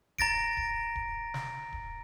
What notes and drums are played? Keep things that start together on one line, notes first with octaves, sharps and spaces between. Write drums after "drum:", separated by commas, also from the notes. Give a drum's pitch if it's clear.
A#5 A6 A#6 D7, drum: kick D1
drum: kick D1
drum: kick D1
drum: snare
drum: kick D1